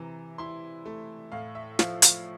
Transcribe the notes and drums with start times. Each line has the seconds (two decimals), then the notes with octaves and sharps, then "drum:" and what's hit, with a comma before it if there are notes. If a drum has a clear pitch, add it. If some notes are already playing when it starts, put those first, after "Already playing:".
Already playing: C3 E3 A#5
0.38 E4 C6
0.86 A3
1.32 A2 F5
1.55 E5
1.79 F3 F5, drum: snare
2.02 F5, drum: hi-hat